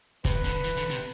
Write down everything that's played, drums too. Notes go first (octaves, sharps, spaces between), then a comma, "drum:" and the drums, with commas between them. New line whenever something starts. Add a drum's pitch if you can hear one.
C3 B4, drum: kick
D3
E3
D3
C3